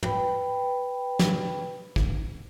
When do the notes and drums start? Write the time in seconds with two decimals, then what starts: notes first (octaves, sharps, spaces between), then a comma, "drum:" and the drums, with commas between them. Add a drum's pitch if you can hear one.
0.03 B4 G5 B5, drum: tom
1.19 drum: snare
1.96 drum: kick